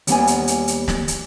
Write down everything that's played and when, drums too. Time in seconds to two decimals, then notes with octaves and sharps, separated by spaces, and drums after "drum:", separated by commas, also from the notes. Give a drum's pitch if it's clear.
0.07 D#2 G3 B3 G#5, drum: hi-hat
0.27 drum: hi-hat
0.47 drum: hi-hat
0.68 drum: hi-hat
0.88 drum: snare
1.08 drum: hi-hat